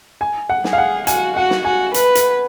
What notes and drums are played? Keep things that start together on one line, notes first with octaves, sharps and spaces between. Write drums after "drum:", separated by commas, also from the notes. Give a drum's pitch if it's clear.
G#5
F#5
G#4, drum: snare
F5
F#5
F#4 G#5, drum: hi-hat
F#4 F#5
drum: snare
F#4 G#5
B4, drum: hi-hat
drum: hi-hat